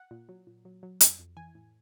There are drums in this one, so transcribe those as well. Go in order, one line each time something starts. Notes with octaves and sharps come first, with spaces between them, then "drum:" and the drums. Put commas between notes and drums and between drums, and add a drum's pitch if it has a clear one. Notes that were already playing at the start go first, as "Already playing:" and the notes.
Already playing: F#5
A#2
F#3
A#2
F#3
F#3
F2, drum: hi-hat
F2
E3 G#5
A2